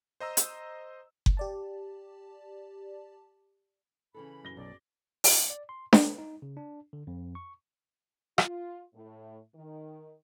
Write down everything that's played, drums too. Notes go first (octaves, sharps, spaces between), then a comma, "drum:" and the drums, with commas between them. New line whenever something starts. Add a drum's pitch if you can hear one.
C5 D#5 A#5 E6
drum: hi-hat
drum: kick F#1
G4 D5 A5
C#3 E3 A4 B5
F#2 A#6 G7
B1 G#4 D5
drum: open hi-hat
D5
C6
B4, drum: snare D4
D#4
C#3
D4
D3
F2
C#6
F4, drum: rim click
A2
D#3